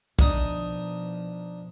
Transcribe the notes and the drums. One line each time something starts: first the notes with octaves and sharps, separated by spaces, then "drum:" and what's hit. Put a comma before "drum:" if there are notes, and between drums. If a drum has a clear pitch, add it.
B2 F3 D4 D#4 D#5, drum: kick